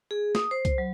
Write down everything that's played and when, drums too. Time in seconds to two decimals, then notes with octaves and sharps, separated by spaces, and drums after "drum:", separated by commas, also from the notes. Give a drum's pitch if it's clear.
0.11 G#4
0.35 D#6, drum: snare
0.51 C5
0.65 drum: kick C2, hi-hat
0.78 F#3